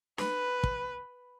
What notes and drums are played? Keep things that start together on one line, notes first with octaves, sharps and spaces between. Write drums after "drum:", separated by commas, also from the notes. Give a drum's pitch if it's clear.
B4, drum: snare
drum: kick